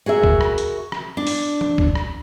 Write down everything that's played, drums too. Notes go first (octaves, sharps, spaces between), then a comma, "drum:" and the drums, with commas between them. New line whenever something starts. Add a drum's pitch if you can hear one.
F#4 G#4 A#4 E5
drum: kick
drum: rim click
drum: hi-hat
drum: rim click
D4
drum: open hi-hat
drum: tom
drum: kick
drum: rim click